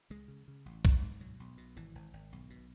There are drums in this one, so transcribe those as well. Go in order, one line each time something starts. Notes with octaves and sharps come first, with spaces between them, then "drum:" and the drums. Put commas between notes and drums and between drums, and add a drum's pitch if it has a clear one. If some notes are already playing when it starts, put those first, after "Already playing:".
C#2 G#3
C#3
C#3
A1
A1, drum: kick B1
G#2
B2 F#3
B1
B2
G#1 E3
G#1
G#1
B1
B2